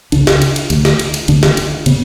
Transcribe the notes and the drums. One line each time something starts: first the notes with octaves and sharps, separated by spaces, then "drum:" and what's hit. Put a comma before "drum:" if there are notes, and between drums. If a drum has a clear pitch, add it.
C#2 C#3 D4, drum: cymbal
drum: snare
drum: cymbal
drum: cymbal
D2 D3, drum: cymbal
drum: snare
drum: cymbal
drum: cymbal
D2 D3 D4, drum: cymbal
drum: snare
drum: cymbal
C#3 B3, drum: cymbal